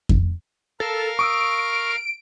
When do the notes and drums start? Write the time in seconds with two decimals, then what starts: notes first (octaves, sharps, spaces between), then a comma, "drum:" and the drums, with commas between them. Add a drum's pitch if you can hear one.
0.09 drum: kick F2
0.80 A4 A#4 F5 F6
1.19 C#6 D#6 E6 D7